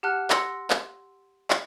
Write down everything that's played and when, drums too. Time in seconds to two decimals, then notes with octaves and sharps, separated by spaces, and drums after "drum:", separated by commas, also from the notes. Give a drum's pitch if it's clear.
0.03 G4 F#5 A5 F6 F#6
0.30 C6 E6 A#6 C#7, drum: clap
0.70 drum: clap
1.50 drum: clap